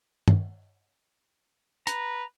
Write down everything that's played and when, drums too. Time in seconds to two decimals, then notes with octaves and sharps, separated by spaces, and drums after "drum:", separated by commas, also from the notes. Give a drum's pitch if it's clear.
0.28 drum: tom G2
1.87 B4 A#5, drum: hi-hat